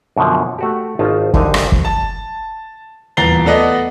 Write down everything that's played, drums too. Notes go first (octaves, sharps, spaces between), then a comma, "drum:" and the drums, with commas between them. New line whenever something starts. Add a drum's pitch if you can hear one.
F#2 B2 D3 F3
A3 F#4 G4
G#1 C#4 D#4 F4 C5 A5
C2 D3 D#4 G4 F5 G#5, drum: kick
drum: rim click
drum: kick
A5
D#1 E2 A#5 A6 C7 G7
A3 B3 A4 D5 D#5 F#5